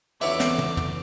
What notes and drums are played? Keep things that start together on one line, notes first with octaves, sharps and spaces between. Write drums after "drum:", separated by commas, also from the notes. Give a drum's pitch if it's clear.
E2 D3 C#5 E5 D6, drum: cymbal
drum: snare
drum: tom
drum: tom